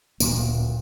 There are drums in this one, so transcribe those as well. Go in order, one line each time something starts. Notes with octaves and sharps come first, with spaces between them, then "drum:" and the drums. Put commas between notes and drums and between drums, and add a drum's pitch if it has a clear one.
D1 D2 A#2 A#3, drum: tambourine